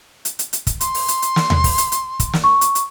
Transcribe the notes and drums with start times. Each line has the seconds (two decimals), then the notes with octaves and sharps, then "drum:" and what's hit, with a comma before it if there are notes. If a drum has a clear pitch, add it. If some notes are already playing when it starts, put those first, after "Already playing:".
0.25 drum: hi-hat
0.39 drum: hi-hat
0.53 drum: hi-hat
0.67 drum: kick, hi-hat
0.81 C6, drum: hi-hat
0.94 drum: open hi-hat
1.08 drum: hi-hat
1.22 drum: hi-hat
1.36 drum: snare
1.50 drum: tom D#2
1.64 drum: kick, open hi-hat
1.78 drum: hi-hat
1.92 drum: hi-hat
2.20 drum: kick, hi-hat
2.33 drum: snare
2.44 C#6
2.61 drum: hi-hat
2.75 drum: hi-hat